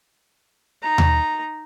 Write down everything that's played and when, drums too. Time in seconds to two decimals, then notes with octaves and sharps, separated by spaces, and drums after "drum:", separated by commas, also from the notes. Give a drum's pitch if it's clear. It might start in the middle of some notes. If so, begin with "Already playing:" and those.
0.82 D#4 A#5
0.98 drum: tom D#2